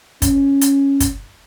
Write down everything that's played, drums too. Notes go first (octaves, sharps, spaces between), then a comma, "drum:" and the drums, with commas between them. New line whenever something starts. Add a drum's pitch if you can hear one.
C#4, drum: kick, hi-hat
drum: hi-hat
drum: kick, hi-hat